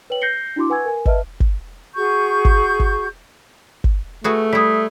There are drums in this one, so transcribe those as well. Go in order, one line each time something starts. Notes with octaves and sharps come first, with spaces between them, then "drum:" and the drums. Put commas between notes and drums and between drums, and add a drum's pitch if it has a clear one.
B4 C#5 G5 F#7
G6 A#6 C7 C#7 G7
D4 E4 F#4 C6 D6
B4 F#5 G#5 C#6 E6 G#6
A#4 G#5
B4 D#5 E5 A5 F6, drum: kick G1
drum: kick G1
F#4 G#4 C#6 G6
drum: kick G1
drum: kick G1
drum: kick G1
A3 F#4 G#4 B4
G3 E4 D#6 B6